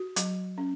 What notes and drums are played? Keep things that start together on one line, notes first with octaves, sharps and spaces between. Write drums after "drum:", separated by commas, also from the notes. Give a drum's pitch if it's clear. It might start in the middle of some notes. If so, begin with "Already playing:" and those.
Already playing: F#4
F#3, drum: hi-hat
C#4